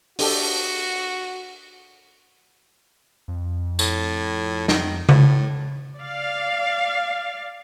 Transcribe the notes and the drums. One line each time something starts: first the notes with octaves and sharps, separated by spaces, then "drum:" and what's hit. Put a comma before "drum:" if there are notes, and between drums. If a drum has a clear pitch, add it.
D4 F#4 G4 A4, drum: open hi-hat
F2
A2, drum: tambourine
D#3, drum: snare
A2, drum: tom C#3
D5 F5